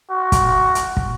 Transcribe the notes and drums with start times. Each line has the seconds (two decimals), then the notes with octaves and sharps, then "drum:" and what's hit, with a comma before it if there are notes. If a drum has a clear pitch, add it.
0.11 F#4
0.32 drum: kick, hi-hat
0.75 drum: hi-hat
0.97 drum: kick